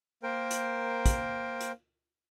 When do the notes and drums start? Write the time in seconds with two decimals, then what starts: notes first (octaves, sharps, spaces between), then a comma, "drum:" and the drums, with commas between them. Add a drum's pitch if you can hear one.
0.23 A#3 A#4 C5 G5
0.51 drum: hi-hat
1.06 drum: kick, hi-hat
1.61 drum: hi-hat